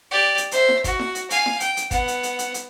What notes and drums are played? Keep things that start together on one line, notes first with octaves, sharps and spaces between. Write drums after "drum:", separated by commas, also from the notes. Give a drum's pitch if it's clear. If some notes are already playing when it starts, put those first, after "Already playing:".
G4 D5
drum: hi-hat
C5 E5, drum: hi-hat
drum: snare E4
F#4, drum: kick G1, hi-hat
drum: snare E4
drum: hi-hat
F5 G#5, drum: hi-hat
drum: snare E4
G5, drum: hi-hat
drum: hi-hat
B3 F#5, drum: kick G1, hi-hat
drum: hi-hat
drum: hi-hat
drum: hi-hat
drum: hi-hat